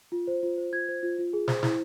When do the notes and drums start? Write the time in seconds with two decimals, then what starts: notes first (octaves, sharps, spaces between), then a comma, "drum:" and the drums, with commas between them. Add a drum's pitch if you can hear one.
0.12 F4
0.27 C5
0.43 F4
0.58 C5
0.73 F4 G#6
0.88 C5
1.03 F4
1.18 F4
1.33 G#4
1.48 C5, drum: snare
1.63 E4, drum: snare